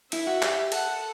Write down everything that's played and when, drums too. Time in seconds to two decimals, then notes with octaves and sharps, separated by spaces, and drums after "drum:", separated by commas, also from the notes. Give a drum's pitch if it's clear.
0.12 E4 E5, drum: cymbal
0.27 F#4
0.42 G4, drum: clap
0.72 A4 F#5, drum: cymbal